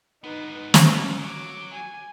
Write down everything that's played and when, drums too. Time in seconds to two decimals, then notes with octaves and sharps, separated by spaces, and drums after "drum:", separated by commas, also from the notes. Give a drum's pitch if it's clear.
0.24 G#2 B3 D#4 B4
0.74 C#4, drum: snare
1.20 F#3 D6
1.75 G#5